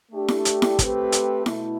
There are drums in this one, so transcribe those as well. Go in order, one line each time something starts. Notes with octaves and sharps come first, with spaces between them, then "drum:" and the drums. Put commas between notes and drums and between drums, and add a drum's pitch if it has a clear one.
A3 D4 G4
drum: snare E4
drum: hi-hat
drum: snare E4
A3 C4 G4 B4, drum: kick, hi-hat
drum: hi-hat
B2 A3 E4, drum: snare E4